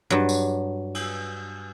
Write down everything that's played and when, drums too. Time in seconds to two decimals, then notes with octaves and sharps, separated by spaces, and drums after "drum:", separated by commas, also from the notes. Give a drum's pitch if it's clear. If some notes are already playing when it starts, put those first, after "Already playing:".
0.10 G2 F#3
0.29 drum: tambourine
0.95 drum: cymbal